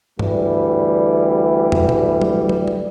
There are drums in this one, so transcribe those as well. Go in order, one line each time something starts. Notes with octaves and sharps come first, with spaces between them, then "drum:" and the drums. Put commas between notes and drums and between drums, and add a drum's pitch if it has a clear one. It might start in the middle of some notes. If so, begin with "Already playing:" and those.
D2 E3 G3, drum: tom G2
drum: tom
drum: tom A#2
drum: tom
drum: tom
drum: tom